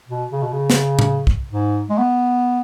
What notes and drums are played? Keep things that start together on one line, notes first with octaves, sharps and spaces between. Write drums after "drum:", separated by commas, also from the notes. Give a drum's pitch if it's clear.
B2
C#3
B2
C#3
drum: snare
drum: tom A2
drum: kick
G#2
G#3
B3